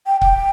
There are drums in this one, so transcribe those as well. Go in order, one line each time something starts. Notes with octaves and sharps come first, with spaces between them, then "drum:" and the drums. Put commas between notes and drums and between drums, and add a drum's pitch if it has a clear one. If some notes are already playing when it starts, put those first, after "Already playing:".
G5
G5, drum: kick C#1